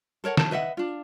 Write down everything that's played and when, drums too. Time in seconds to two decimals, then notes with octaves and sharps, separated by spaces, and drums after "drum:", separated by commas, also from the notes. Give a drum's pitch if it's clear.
0.24 A4 A#4 C#5 F#5
0.37 A5, drum: snare
0.51 B4 D#5 E5 F#5
0.77 D4 F4